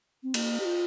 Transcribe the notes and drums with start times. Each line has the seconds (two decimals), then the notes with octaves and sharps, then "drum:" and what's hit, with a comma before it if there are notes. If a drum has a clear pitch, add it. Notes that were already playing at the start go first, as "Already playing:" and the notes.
0.23 C4
0.34 A#3, drum: cymbal
0.60 G4
0.65 F4